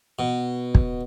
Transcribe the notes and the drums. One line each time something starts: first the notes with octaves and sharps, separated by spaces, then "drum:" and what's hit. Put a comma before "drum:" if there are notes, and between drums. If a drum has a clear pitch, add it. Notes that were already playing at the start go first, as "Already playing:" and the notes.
B2
drum: kick